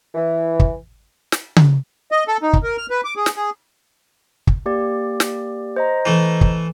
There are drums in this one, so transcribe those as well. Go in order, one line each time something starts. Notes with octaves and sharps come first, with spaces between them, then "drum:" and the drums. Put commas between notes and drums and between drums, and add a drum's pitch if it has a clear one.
E3
drum: kick
drum: snare
drum: tom C#3
D#5
A4
D#4
drum: kick
A#4
F6
B4
D6
G#4
drum: snare
G#4
drum: kick
A#3 G4 D5
drum: snare
C5 D#5 A#5
E3 A3
drum: kick